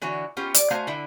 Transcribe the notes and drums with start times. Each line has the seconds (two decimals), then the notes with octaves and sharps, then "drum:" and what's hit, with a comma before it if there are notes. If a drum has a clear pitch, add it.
0.02 D3 E3 F#4 C#5
0.37 B3 C#4 F4 G4
0.54 D5, drum: hi-hat
0.71 A3 F#4 C5 F5 G#5
0.87 D3 E4